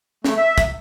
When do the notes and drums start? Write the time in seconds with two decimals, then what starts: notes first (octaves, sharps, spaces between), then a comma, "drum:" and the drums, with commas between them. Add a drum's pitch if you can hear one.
0.24 A3, drum: snare
0.37 E5
0.58 drum: kick, hi-hat